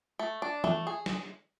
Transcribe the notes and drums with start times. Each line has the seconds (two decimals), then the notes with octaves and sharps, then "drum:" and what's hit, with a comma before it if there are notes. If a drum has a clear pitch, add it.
0.19 A3
0.42 D4
0.64 A3, drum: tom
0.87 G#4
1.06 drum: snare